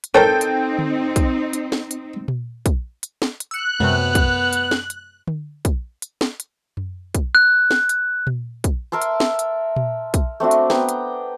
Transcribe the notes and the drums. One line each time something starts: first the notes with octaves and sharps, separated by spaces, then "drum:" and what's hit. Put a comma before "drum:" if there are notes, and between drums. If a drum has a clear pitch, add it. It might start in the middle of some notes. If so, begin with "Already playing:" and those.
drum: hi-hat
C4 D#4 A4 A#4 C5 C#5 G5 G6
drum: hi-hat
drum: tom D3
drum: kick, hi-hat
drum: hi-hat
drum: snare
drum: hi-hat
drum: tom A#2
drum: kick, hi-hat
drum: hi-hat
drum: snare
drum: hi-hat
E6 F#6 C#7
F#2 C3 A3 B3, drum: tom G3
drum: kick, hi-hat
drum: hi-hat
drum: snare
drum: hi-hat
drum: tom D3
drum: kick, hi-hat
drum: hi-hat
drum: snare
drum: hi-hat
drum: tom F#2
drum: kick, hi-hat
F#6
drum: snare
drum: hi-hat
drum: tom A#2
drum: kick, hi-hat
A#4 E5 A5 C6
drum: hi-hat
drum: snare
drum: hi-hat
drum: tom A#2
drum: kick, hi-hat
A3 C4 D4 F#4
drum: hi-hat
B3 G5 A#5, drum: snare
drum: hi-hat